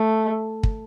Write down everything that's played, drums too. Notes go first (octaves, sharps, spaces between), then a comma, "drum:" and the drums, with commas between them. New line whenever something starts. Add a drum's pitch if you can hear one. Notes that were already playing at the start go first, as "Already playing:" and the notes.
Already playing: A3
drum: kick